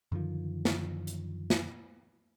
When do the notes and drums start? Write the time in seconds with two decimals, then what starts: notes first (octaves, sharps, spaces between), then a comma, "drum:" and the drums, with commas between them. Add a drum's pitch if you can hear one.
0.12 F#2 D3 D#3 F3
0.65 drum: snare
1.07 drum: hi-hat
1.50 drum: snare